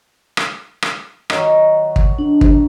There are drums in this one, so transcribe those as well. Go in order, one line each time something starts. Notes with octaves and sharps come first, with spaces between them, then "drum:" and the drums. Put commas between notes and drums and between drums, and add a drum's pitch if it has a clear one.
drum: rim click
drum: rim click
D#3 F#3, drum: rim click
drum: kick
D4
drum: kick